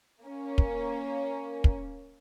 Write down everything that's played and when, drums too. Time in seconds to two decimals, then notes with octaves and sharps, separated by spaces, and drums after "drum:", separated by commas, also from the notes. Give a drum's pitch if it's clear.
0.22 A#3 C#4
0.58 drum: kick
1.64 drum: kick